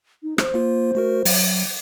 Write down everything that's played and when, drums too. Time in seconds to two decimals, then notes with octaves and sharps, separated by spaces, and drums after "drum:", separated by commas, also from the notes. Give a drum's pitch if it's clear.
0.23 D#4
0.38 C5, drum: rim click
0.54 A#3 F4
0.95 A3 F#4 A#4
1.25 F#3, drum: open hi-hat